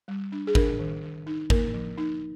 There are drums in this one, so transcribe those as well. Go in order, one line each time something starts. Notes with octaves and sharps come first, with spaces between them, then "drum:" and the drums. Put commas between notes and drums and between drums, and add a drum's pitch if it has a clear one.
G3
D4
G#4
D4 A#4, drum: kick G#1
D#3
D#3
D#4
A#3 A#4, drum: kick G#1
F3
D#4